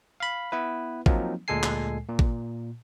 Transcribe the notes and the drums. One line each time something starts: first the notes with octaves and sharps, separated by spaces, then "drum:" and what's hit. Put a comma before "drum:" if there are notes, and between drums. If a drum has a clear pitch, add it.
F5 B5
B3 E4 B4
F3 F#3 A#3 C4 D#4, drum: kick A1
D2 A#2 G#3 A4 G#5 C7
drum: clap
A#2
drum: kick A1